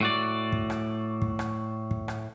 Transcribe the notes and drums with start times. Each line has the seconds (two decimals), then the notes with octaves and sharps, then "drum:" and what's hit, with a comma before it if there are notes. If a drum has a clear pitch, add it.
0.01 A2 F#4 D5
0.52 drum: kick
0.70 drum: rim click
1.22 drum: kick
1.39 drum: rim click
1.91 drum: kick
2.08 drum: rim click